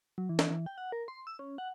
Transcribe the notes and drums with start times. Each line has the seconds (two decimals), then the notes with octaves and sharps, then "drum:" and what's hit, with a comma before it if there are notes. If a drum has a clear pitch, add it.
0.18 F#3
0.29 E3
0.39 drum: snare
0.50 E3
0.66 G5
0.78 F#5
0.92 A#4
1.08 C6
1.27 E6
1.39 C#4
1.58 F#5